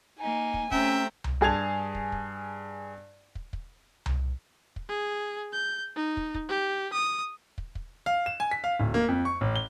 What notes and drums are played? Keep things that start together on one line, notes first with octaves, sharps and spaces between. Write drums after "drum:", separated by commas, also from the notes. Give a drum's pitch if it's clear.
A#3 D#4 G#5
drum: kick
C3 A3 C#4 E5 G5 A#5, drum: kick
drum: tom C2
G2 G#4 A5 G#6 F7
drum: kick
drum: kick
drum: kick
drum: kick
drum: tom C2
drum: kick
G#4
G6
D#4
drum: kick
drum: kick
G4
D#6
drum: kick
drum: kick
F5
E7
G#5
B6
F5
D1
A#3
F2
C#6
A1
G7